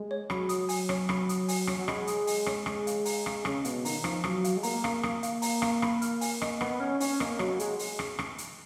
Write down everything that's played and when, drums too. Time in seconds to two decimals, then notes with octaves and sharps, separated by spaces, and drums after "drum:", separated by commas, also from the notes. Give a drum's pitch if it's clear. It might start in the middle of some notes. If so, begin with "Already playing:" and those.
Already playing: G#3
0.11 C#5
0.30 F#3 B5, drum: rim click
0.49 D#6, drum: hi-hat
0.69 G#5, drum: open hi-hat
0.89 C#5, drum: rim click
1.09 B5, drum: rim click
1.29 D#6, drum: hi-hat
1.48 G#5, drum: open hi-hat
1.67 C#5, drum: rim click
1.78 F#3
1.88 G#3 B5, drum: rim click
2.07 D#6, drum: hi-hat
2.27 G#5, drum: open hi-hat
2.46 C#5, drum: rim click
2.66 D#6, drum: rim click
2.87 F5, drum: hi-hat
3.05 A#5, drum: open hi-hat
3.26 F5, drum: rim click
3.45 C#3 D#6, drum: rim click
3.65 B2 F5, drum: hi-hat
3.85 D#3 A#5, drum: open hi-hat
4.04 F3 F5, drum: rim click
4.24 F#3 D#6, drum: rim click
4.44 F5, drum: hi-hat
4.57 G#3
4.63 A#3 A#5, drum: open hi-hat
4.84 F5, drum: rim click
5.03 D#6, drum: rim click
5.23 F5, drum: hi-hat
5.42 A#5, drum: open hi-hat
5.62 F5, drum: rim click
5.82 B5, drum: rim click
6.02 F6, drum: hi-hat
6.21 G#5, drum: open hi-hat
6.42 D#5, drum: rim click
6.61 B3 B5, drum: rim click
6.80 C#4 F6
7.00 C#4 G#5, drum: open hi-hat
7.20 A#3 D#5, drum: rim click
7.39 F#3 B5, drum: rim click
7.59 G#3, drum: hi-hat
7.79 drum: open hi-hat
7.99 drum: rim click
8.19 drum: rim click
8.38 drum: hi-hat